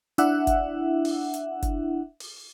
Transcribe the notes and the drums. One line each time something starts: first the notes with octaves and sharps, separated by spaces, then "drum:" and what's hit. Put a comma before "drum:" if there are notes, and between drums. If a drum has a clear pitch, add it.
D4 E4 E5 F#5, drum: hi-hat
drum: kick F#1, hi-hat
drum: open hi-hat
drum: hi-hat
drum: kick F#1, hi-hat
drum: open hi-hat